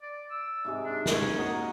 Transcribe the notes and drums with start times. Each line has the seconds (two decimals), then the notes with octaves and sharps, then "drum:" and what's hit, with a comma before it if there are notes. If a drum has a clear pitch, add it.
0.02 D5
0.31 E6
0.65 G#2 C3 G#3
0.85 D4
1.06 A#3 C#4, drum: snare
1.38 F#4 D#5 A#5